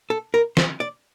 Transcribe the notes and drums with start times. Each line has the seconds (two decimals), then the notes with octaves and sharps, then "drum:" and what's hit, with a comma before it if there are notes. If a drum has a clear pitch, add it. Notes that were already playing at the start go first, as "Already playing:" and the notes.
0.10 A4
0.34 A#4
0.57 C5, drum: snare
0.80 D5